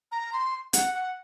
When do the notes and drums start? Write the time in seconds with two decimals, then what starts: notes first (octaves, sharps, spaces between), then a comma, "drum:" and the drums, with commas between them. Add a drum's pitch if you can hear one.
0.12 A#5
0.33 C6
0.73 F#5, drum: hi-hat
0.94 F#5